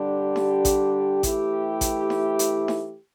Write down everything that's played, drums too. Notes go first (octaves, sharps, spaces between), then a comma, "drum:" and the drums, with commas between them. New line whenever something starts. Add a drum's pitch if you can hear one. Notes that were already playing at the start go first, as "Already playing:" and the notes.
Already playing: D3 G3 D4 G4
drum: snare D#4
drum: kick A1, hi-hat
E3 A3 E4 G4, drum: kick A1, hi-hat
drum: kick A1, hi-hat
drum: snare D#4
drum: hi-hat
drum: snare D#4